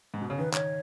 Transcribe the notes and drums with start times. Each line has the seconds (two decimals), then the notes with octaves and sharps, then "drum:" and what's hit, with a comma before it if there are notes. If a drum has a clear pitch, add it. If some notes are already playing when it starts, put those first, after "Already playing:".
0.14 G#2
0.21 B2
0.30 C#3
0.38 D#3 B4
0.54 C#5, drum: clap